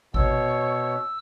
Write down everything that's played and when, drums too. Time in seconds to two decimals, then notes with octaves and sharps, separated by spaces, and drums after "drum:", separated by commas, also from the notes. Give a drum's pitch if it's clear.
0.14 B2 C#5 E6, drum: kick G#1